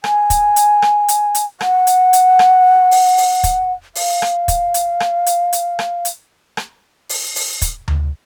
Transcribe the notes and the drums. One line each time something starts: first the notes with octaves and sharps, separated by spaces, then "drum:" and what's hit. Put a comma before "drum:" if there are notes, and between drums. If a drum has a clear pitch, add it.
G#5, drum: rim click
drum: kick, hi-hat
drum: hi-hat
drum: rim click
drum: hi-hat
drum: hi-hat
F#5, drum: rim click
drum: hi-hat
drum: hi-hat
drum: rim click
drum: open hi-hat
drum: open hi-hat
drum: kick, hi-hat
F5, drum: open hi-hat
drum: rim click
drum: kick, hi-hat
drum: hi-hat
drum: rim click
drum: hi-hat
drum: hi-hat
drum: rim click
drum: hi-hat
drum: rim click
drum: open hi-hat
drum: open hi-hat
drum: kick, hi-hat
drum: tom D2